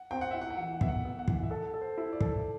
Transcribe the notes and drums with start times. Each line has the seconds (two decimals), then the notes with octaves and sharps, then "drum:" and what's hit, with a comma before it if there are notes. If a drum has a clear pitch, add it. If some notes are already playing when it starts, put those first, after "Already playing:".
Already playing: F#5
0.11 C4 G5
0.21 F#5
0.31 E4 E5
0.41 F#5
0.50 G5
0.57 E3 F#5
0.81 B3 E5, drum: kick
0.88 F#5
1.04 B3
1.19 F#5
1.28 E3, drum: kick
1.43 E5
1.50 A4 F#5
1.74 A4
1.81 C5
1.97 E4
2.13 D5
2.21 A4, drum: kick